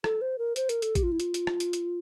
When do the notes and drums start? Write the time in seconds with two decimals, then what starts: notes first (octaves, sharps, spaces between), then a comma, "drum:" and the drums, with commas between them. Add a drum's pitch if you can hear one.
0.04 A4, drum: rim click
0.21 C5
0.38 A#4
0.56 C5, drum: hi-hat
0.69 A#4, drum: hi-hat
0.82 A4, drum: hi-hat
0.95 G4, drum: kick, hi-hat
1.03 F4
1.12 E4
1.20 F4, drum: hi-hat
1.34 drum: hi-hat
1.47 drum: rim click
1.60 drum: hi-hat
1.73 drum: hi-hat